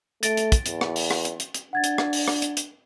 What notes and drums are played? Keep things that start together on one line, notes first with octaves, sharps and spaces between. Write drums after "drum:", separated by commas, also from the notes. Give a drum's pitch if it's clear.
A3 A6 A#6 D7, drum: hi-hat
drum: hi-hat
drum: kick, hi-hat
E2, drum: hi-hat
drum: rim click
drum: open hi-hat
drum: rim click
drum: hi-hat
drum: hi-hat
drum: hi-hat
D4 F#5 G#6 A6
drum: hi-hat
drum: rim click
drum: open hi-hat
drum: rim click
drum: hi-hat
drum: hi-hat